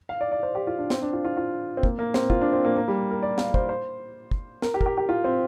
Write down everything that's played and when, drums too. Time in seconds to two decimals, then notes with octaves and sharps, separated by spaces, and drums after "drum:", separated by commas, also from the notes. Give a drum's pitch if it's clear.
0.09 F5
0.21 D5
0.32 D5
0.43 C5
0.55 G4
0.67 F4
0.79 D4
0.90 C4, drum: snare
1.02 D4
1.13 F4
1.25 F4
1.37 F4
1.77 C4
1.83 A#3, drum: kick
1.99 A#3
2.14 C4, drum: snare
2.30 F4, drum: kick
2.41 D4
2.53 C4
2.65 A#3
2.76 A#3
2.88 G3
3.11 A#4
3.23 D5
3.38 F5, drum: snare
3.54 C5, drum: kick
3.69 C5
4.31 drum: kick
4.62 A#4, drum: snare
4.74 G4
4.81 A#4, drum: kick
4.86 G4
4.97 G4
5.09 F4
5.24 C4